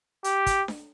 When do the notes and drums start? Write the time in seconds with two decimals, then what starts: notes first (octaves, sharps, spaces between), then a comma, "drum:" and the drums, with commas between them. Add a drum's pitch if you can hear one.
0.24 G4, drum: hi-hat
0.46 drum: kick, hi-hat
0.68 drum: snare D4